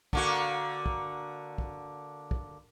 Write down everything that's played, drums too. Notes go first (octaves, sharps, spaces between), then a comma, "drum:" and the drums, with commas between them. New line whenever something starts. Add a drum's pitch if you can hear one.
D3 A#3 F#4, drum: kick
drum: kick
drum: kick
drum: kick